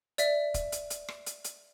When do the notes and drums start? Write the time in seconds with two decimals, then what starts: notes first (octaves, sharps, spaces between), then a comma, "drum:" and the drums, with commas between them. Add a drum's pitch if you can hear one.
0.18 D5 E5, drum: hi-hat
0.54 drum: kick, hi-hat
0.72 drum: hi-hat
0.90 drum: hi-hat
1.08 drum: rim click
1.26 drum: hi-hat
1.45 drum: hi-hat